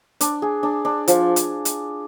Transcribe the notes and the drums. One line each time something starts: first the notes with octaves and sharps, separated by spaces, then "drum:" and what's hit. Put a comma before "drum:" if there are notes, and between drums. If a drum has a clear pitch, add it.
D4, drum: hi-hat
G#4
D4
D4
F3, drum: hi-hat
drum: hi-hat
drum: hi-hat